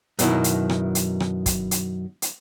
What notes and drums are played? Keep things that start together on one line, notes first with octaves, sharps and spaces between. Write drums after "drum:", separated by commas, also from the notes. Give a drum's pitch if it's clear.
F#2 B2 D#3 E4, drum: hi-hat
drum: hi-hat
drum: rim click
drum: hi-hat
drum: rim click
drum: kick, hi-hat
drum: hi-hat
drum: hi-hat